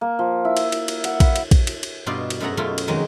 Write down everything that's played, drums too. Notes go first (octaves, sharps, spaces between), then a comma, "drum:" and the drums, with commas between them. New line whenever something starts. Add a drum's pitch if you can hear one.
A#3
F3
E4
drum: cymbal
drum: cymbal
drum: cymbal
F#5, drum: cymbal
B5, drum: kick A#1, cymbal
drum: cymbal
drum: kick A#1, cymbal
drum: cymbal
drum: cymbal
G2 B2 D#4 F4 D5 C6
drum: cymbal
F#2 A3 G#4 A4 F#5 A#5
F#2 B2 A3 D#4 F4 C#5
drum: cymbal
F2 D#3 F#3 G#3 D#4